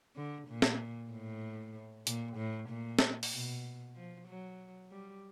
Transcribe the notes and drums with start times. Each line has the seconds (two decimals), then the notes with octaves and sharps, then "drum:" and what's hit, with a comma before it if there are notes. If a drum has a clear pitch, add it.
0.16 D3
0.48 A#2
0.62 drum: snare
1.11 A2
2.07 A#2, drum: hi-hat
2.37 A2
2.69 A#2
2.99 drum: snare
3.23 drum: open hi-hat
3.33 B2
3.95 F3
4.28 F#3
4.91 G3